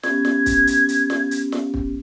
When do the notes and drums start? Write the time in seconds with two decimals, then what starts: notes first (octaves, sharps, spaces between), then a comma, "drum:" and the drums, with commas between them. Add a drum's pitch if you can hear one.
0.03 B3 C#4 G4 G#6, drum: snare
0.25 drum: snare
0.46 drum: kick, hi-hat
0.67 drum: hi-hat
0.88 drum: hi-hat
1.10 drum: snare
1.31 drum: hi-hat
1.52 drum: snare
1.74 drum: kick